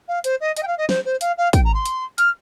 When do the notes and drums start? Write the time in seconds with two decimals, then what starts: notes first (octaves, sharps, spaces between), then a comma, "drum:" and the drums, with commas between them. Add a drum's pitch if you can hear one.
0.08 F5
0.24 C5, drum: hi-hat
0.41 D#5
0.57 D#5, drum: hi-hat
0.63 G5
0.67 F5
0.78 D#5
0.89 C5, drum: snare
1.05 C5
1.21 F5, drum: hi-hat
1.38 F5
1.53 G5, drum: kick, hi-hat
1.65 A#5
1.74 C6
1.85 drum: hi-hat
2.18 F6, drum: hi-hat